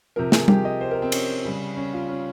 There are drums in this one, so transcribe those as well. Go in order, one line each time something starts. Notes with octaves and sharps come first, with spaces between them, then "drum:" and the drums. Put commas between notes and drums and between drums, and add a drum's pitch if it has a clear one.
C3 F3 A#4
G#4, drum: snare
G4, drum: tom G3
D#5
C5
A#4
C4
C#4, drum: cymbal
C#3 G3
C#4
F4
C#4